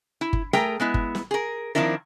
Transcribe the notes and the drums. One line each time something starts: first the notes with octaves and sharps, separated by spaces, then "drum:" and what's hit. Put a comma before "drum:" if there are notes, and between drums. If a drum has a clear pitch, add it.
E4
drum: kick G1
A3 G#4 A#4 G5 A#5, drum: snare
G#3 B3 E4
drum: kick G1
drum: snare
G#4 A#4
D#3 F3 C4 D4 E4 A#4